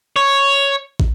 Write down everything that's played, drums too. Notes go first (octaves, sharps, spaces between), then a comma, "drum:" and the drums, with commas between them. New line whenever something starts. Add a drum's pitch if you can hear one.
C#5
drum: kick